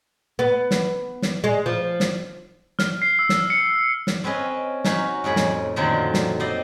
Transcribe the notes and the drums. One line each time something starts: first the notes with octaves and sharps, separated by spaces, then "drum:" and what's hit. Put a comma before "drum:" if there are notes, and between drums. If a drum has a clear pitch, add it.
B3
drum: snare
drum: snare
G#3
F3
drum: snare
F6, drum: snare
C7
E6
drum: snare
C#7
drum: snare
C4 C#4 B4 D#5
C#4 D#4 F#4 B5, drum: snare
F2 A2 G#4 B5
drum: snare
F#2 A#2 D3 D#3 F3 F#3
drum: snare
C4 D#4 C5 D5 D#5